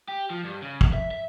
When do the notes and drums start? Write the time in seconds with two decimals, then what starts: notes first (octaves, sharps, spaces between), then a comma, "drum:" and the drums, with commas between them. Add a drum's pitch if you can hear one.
0.08 G4
0.30 F3
0.44 G2
0.62 C#3
0.81 drum: kick
0.93 E5
1.11 E5